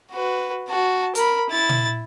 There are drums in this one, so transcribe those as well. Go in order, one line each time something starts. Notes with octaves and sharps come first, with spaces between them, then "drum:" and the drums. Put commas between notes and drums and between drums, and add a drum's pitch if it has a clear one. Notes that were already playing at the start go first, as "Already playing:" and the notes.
F#4 B4
F#4 A5
A#4 B5, drum: hi-hat
E4 A6
drum: tom